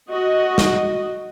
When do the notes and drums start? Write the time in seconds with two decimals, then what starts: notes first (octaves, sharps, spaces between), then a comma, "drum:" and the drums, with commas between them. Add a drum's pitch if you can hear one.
0.10 F#4 D#5
0.58 drum: snare